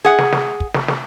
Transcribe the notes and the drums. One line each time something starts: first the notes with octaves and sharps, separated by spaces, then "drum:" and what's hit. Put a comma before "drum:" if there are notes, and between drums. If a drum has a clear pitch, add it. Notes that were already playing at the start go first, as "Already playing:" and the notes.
G#4 F#5
drum: snare
drum: snare
drum: kick
drum: snare
drum: snare